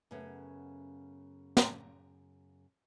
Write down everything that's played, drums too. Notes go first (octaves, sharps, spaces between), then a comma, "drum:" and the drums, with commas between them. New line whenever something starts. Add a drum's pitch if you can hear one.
F#2 C#3 A3 B3 C#4
drum: snare